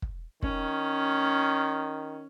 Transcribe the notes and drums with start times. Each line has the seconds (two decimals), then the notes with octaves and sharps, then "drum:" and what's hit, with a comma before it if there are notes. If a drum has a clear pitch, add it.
0.02 drum: kick
0.42 D#3 C#4, drum: kick